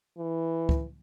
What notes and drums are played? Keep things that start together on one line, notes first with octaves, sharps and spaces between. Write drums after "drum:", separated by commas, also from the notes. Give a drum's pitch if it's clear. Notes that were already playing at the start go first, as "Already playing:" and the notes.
E3
drum: kick C#2